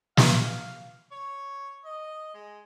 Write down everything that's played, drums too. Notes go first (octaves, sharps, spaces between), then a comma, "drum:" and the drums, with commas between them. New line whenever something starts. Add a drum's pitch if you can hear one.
F5, drum: snare
C#5
D#5
G#3